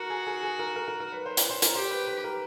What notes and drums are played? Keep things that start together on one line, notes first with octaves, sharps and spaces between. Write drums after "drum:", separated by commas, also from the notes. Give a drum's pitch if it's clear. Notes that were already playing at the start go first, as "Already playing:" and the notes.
Already playing: F#4 A#4
G#4
G#4
G#4
A#4
A#4
A#4
A#4
B4
C5
B4, drum: hi-hat
C5
A#4, drum: hi-hat
G4 C5
B4
B4
A#4